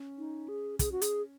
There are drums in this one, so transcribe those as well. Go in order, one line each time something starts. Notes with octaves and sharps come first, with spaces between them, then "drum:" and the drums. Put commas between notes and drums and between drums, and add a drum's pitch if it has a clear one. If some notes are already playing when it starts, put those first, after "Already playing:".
Already playing: C#4
D#4
G#4
G#4, drum: kick, hi-hat
F#4
G#4, drum: hi-hat